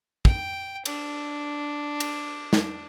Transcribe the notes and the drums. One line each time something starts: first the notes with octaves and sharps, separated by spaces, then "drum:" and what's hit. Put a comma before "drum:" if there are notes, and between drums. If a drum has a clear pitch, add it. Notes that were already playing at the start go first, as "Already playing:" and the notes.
G5, drum: kick
D4, drum: cymbal
drum: cymbal
drum: snare